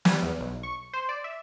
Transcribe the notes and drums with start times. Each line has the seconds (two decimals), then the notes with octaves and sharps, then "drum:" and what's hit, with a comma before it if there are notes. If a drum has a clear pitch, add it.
0.05 G3, drum: snare
0.22 E2
0.41 B1
0.63 C#6
0.93 C5
1.09 D5
1.24 E5